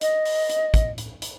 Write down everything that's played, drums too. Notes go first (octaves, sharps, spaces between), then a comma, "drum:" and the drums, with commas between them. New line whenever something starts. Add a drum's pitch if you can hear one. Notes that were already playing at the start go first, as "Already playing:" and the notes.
D#5, drum: hi-hat
drum: open hi-hat
drum: hi-hat
drum: kick, hi-hat
drum: hi-hat
drum: hi-hat